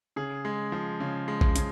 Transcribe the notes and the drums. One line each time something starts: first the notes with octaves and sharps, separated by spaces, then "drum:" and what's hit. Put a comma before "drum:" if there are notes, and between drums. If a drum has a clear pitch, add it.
C#3 G#4
G#3
F3
C#3
G#3
drum: kick
C#3, drum: hi-hat